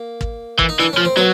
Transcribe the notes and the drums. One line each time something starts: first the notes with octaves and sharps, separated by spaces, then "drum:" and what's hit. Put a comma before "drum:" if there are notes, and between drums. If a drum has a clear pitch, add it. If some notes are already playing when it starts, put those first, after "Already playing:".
Already playing: A#3
drum: kick
E3, drum: kick
D#4
E3 D4
F3 C#4
C4
F#3 B3